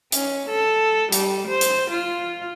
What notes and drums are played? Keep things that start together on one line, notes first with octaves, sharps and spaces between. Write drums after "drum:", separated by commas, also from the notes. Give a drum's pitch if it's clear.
C#4, drum: hi-hat
A4
G3, drum: hi-hat
C5
drum: hi-hat
F4